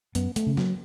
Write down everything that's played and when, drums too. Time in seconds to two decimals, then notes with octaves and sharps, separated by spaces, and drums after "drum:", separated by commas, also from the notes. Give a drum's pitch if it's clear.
0.15 F#2 B3, drum: hi-hat
0.36 A3, drum: hi-hat
0.47 C#3
0.57 F#3, drum: snare A#3